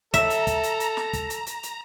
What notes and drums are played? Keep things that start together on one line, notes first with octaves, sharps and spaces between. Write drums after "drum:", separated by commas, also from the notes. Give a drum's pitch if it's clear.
A4 E5 A#5 E7, drum: kick, hi-hat
drum: hi-hat
drum: kick, hi-hat
drum: hi-hat
drum: hi-hat
drum: snare
drum: kick, hi-hat
drum: hi-hat
drum: hi-hat
drum: hi-hat